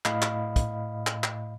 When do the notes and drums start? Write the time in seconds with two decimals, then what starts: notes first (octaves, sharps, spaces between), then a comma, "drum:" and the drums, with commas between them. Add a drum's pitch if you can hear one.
0.05 A2 D#5 F5 B5, drum: clap
0.22 drum: clap
0.56 drum: kick, hi-hat
1.07 drum: clap
1.24 drum: clap